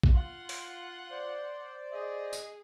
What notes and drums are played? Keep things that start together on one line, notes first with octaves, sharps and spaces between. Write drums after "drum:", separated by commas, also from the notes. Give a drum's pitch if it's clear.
drum: kick A1
F4 F#5 C6
drum: open hi-hat
C5 D5
G#4 D#5
drum: tambourine